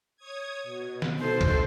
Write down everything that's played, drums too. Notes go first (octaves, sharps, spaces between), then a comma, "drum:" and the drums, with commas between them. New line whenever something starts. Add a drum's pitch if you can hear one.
C#5 D#6 G#6
B2
drum: snare
B2 A4 C5
drum: kick C2, cymbal